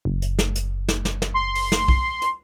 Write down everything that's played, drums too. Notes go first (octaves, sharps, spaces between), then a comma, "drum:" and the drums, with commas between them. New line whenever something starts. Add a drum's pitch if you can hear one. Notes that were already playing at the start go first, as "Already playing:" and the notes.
F#1
drum: hi-hat
drum: snare
drum: hi-hat
drum: snare
drum: snare
drum: snare
C6
drum: open hi-hat
drum: snare
drum: kick B1
drum: hi-hat